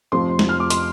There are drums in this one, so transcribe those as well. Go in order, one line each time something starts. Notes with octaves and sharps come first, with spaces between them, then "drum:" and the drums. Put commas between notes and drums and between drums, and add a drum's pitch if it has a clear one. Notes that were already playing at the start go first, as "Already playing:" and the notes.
F1 F2 F3 C4 C6
drum: snare
F6
D6
C6, drum: hi-hat